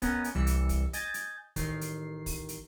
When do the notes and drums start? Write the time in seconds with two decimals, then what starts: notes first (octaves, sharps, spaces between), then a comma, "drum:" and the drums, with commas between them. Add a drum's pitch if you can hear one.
0.02 B3 C#4 A#4 D#5 F#5, drum: kick, hi-hat
0.24 drum: hi-hat
0.35 C2 E3 G3 E6 C#7
0.47 drum: hi-hat
0.69 drum: kick, hi-hat
0.93 D#5 G#5 G6 A6, drum: hi-hat
1.14 drum: hi-hat
1.56 A1 D#3 C7, drum: kick, hi-hat
1.81 drum: hi-hat
2.26 drum: kick, open hi-hat
2.49 drum: hi-hat